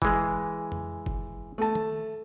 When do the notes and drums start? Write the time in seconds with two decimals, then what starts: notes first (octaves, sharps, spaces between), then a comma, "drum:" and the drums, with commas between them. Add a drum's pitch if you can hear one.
0.02 E3 G#3, drum: kick F#1
0.72 drum: tom F2
1.06 drum: kick F#1
1.58 A3 A5
1.75 drum: tom D#3